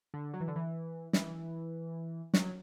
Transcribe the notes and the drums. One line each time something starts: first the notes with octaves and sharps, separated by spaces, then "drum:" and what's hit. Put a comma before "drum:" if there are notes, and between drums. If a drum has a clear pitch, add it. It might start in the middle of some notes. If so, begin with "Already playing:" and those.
D3
F#3
E3
D3
E3
E3, drum: snare
F#3, drum: snare